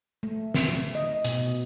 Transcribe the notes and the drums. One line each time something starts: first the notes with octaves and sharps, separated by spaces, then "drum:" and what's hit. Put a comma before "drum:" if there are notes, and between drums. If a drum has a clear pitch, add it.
A3
drum: snare
D#5
B2, drum: hi-hat